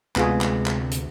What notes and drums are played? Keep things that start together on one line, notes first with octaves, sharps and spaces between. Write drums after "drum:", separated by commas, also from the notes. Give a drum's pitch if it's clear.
D2 C3 G#3 B3 F4 G#4, drum: clap
drum: clap
drum: clap
drum: hi-hat